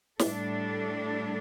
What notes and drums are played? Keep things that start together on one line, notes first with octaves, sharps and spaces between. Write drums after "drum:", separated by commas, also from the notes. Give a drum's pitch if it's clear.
A2 G3 D4 A4, drum: snare